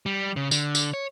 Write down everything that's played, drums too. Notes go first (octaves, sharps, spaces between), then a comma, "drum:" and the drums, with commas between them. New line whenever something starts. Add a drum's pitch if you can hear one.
G3
C#3
D3, drum: tambourine
drum: tambourine
C#5